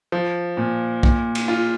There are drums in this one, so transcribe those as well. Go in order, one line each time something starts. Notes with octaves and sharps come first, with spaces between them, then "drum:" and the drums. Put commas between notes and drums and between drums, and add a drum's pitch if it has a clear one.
F3
A#2
A#2, drum: kick
drum: cymbal
F4